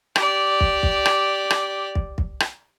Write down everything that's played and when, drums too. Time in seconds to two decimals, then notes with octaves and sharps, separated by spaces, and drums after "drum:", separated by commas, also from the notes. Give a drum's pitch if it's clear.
0.16 G4 D5, drum: rim click
0.61 drum: kick
0.83 drum: kick
1.05 drum: rim click
1.50 drum: rim click
1.95 drum: kick
2.18 drum: kick
2.40 drum: rim click